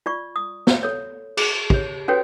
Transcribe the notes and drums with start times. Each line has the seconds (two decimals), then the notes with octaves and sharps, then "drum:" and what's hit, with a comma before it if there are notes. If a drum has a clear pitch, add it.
0.06 F4 D5 C#6
0.36 D#6
0.67 drum: snare
0.83 A4 C#5
1.37 G#4, drum: cymbal
1.70 G4 C#5, drum: kick
2.08 C#4 F#4 A4 B4 C#5 G5